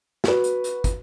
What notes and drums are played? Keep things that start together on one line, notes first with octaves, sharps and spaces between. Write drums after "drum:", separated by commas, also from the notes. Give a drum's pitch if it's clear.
F#4 B4, drum: snare
drum: hi-hat
drum: hi-hat
drum: kick, hi-hat